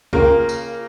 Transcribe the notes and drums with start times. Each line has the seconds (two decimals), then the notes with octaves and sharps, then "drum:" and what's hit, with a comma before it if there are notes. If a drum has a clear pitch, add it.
0.13 C#3 A#3 F4 A#4 G5, drum: kick C#2
0.49 drum: tambourine